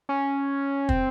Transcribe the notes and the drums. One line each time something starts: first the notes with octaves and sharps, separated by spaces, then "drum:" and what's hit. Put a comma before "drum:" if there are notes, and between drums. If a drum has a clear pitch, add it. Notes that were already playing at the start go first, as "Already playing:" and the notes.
C#4
C4, drum: kick